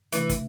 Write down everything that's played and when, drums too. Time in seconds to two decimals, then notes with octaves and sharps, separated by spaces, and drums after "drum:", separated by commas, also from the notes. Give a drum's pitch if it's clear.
0.12 C3 E3 A3 D4, drum: hi-hat
0.30 drum: kick, hi-hat